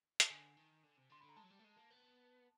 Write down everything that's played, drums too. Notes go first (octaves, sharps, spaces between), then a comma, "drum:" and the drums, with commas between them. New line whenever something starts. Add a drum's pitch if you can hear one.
A5, drum: hi-hat
D3 G#5
D#3
D3
C3
D3 C6
D3 B5
A#5
G#3 A5
F#3
G3
A3
G#3
A#3
B3